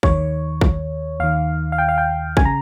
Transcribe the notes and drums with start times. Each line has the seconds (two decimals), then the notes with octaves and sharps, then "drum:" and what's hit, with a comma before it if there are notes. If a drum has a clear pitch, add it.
0.03 D#2 D#3 C#5, drum: kick
0.61 drum: kick
1.20 D#2 D#3 F5
1.72 F5
1.78 G5
1.88 F5
1.98 G5
2.37 G#5, drum: kick
2.40 C#3 A#5